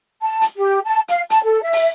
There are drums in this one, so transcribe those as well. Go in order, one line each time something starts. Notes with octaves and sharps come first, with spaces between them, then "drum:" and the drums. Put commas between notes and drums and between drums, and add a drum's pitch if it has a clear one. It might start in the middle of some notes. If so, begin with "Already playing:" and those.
A5
drum: hi-hat
G4
A5
F5, drum: hi-hat
A5, drum: hi-hat
A4
E5
drum: open hi-hat